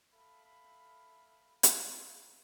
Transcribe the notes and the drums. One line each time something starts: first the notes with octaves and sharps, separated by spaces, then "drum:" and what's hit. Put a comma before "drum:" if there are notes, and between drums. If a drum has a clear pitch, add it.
A4 E5 F5 B5
drum: hi-hat